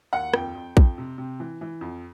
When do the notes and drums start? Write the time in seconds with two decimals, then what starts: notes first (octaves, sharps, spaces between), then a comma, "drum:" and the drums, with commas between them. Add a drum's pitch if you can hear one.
0.13 D#2 F#5
0.34 F2 G5, drum: rim click
0.55 F2
0.77 F2, drum: kick A#1
0.98 C3
1.18 C3
1.40 E3
1.61 E3
1.81 F2